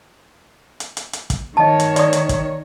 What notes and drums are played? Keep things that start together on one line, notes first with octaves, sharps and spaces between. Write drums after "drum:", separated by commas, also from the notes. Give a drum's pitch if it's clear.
drum: hi-hat
drum: hi-hat
drum: hi-hat
drum: kick, hi-hat
D#3 C#5 D#5 A5
drum: hi-hat
D5 D#6, drum: hi-hat
drum: hi-hat
drum: kick, hi-hat